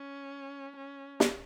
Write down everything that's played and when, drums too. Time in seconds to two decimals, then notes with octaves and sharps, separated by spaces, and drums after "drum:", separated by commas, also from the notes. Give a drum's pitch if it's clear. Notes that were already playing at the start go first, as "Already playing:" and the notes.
Already playing: C#4
0.77 C#4
1.20 drum: snare